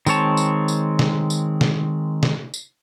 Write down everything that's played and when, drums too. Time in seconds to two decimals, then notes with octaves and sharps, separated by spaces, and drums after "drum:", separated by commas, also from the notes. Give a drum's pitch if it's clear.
0.06 D#3 G#3 C4 C#5 A5, drum: tambourine
0.37 drum: tambourine
0.68 drum: tambourine
0.99 drum: snare
1.30 drum: tambourine
1.61 drum: snare
2.23 drum: snare
2.54 drum: tambourine